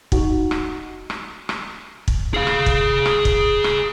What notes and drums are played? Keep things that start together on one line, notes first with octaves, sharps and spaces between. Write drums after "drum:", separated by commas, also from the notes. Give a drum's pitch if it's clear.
D#4 F#4, drum: kick
drum: rim click
drum: rim click
drum: rim click
drum: kick
G#4 F5
drum: rim click
drum: kick
drum: rim click
drum: kick
drum: rim click